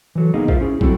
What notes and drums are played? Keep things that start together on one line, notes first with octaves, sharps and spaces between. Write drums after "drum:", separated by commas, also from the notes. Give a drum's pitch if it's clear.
E3 F#3 A4
A#3 B3 D#4 G#4 D#5 F5
F4 A#4 C5 E5 F5, drum: kick
C#4 E4 G#4
F#3 C4 E4 F#4 A4, drum: kick